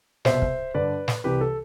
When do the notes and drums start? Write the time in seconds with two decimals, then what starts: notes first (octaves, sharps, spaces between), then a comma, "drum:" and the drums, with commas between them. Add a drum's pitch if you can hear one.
0.25 C2 B2 C5 E5, drum: snare
0.42 drum: kick
0.74 G2 D3 B4 D5
1.08 drum: snare
1.24 C2 C3 E3 G4 B4
1.41 A4